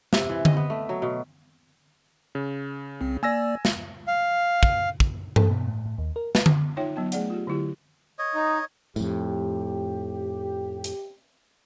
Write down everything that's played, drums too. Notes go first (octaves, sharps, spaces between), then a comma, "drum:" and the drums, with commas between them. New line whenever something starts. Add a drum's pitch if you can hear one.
C3, drum: snare
E3
D#5, drum: tom D3
B3
A3
F#3
B2
C#3
C2 C4
A#3 D5 G#5 E6 A#6
drum: snare
F5
drum: kick
drum: kick
A4, drum: tom G2
B2
A2
A2
D#2
A#4
B4, drum: snare
drum: tom D3
D#4 F4 C#5 E5 G5
F#3 B3 G5
A3 G#4 D5 F#5, drum: hi-hat
F4 G4
D3 F#3 E4 G4
C#5 D#5
D#4
F2 A2 G4, drum: tambourine
drum: hi-hat